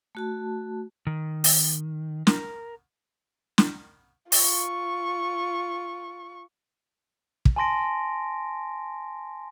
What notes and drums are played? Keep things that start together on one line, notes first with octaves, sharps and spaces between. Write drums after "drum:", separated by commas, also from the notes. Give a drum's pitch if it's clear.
A3 F#4 A5
D#3
drum: open hi-hat
A#4, drum: snare
drum: snare
F4 C#6, drum: open hi-hat
drum: kick
G#5 A5 C6 A#6 D7